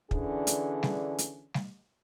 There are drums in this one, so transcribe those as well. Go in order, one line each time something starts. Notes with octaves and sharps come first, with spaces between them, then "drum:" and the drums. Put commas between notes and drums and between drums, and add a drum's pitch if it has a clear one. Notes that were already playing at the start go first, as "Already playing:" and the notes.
D3 E3 C#4 D4 G#4, drum: kick
drum: hi-hat
drum: snare G3
drum: hi-hat
drum: snare G3